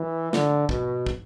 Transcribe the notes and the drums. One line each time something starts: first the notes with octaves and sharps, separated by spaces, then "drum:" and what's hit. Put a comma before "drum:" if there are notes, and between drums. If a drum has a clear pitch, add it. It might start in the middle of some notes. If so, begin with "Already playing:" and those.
Already playing: E3
D3, drum: snare
B2, drum: kick
drum: kick